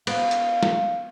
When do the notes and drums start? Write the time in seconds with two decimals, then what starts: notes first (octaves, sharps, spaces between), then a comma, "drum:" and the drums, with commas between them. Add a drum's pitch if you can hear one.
0.07 B3 F5, drum: cymbal
0.31 drum: hi-hat
0.63 drum: snare